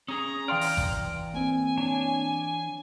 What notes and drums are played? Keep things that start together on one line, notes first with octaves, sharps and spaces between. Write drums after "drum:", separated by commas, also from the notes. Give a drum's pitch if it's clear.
C#4 G#4 A#5 D#6
E3 D5 F5 G5 C6 F6
drum: open hi-hat
drum: kick
A#3 C4 G#5
D4 C#5 A5